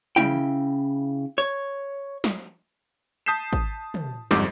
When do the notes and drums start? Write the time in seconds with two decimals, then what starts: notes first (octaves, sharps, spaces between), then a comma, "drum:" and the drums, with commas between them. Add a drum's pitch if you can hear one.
0.16 C#3 E4 G5, drum: tom
1.38 C#5
2.24 drum: snare
3.26 A5 D#6 G6 B6 C7 E7
3.53 drum: kick
3.94 drum: tom
4.31 G1 F2 G#2 G3 D6 G6, drum: snare